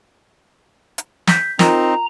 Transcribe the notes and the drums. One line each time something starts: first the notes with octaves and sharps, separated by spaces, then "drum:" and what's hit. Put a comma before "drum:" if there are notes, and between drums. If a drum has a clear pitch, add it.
drum: hi-hat
G6 B6, drum: snare
C4 D#4 F4 A#4 A#5, drum: snare